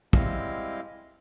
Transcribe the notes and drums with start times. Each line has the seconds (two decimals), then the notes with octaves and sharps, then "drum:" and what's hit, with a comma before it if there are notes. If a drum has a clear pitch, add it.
0.13 G3 G#3 C4 E4 D#5 F5, drum: kick